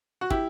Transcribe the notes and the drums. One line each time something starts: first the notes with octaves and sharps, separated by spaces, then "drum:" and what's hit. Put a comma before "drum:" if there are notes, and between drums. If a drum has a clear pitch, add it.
F#4
E4 G4, drum: kick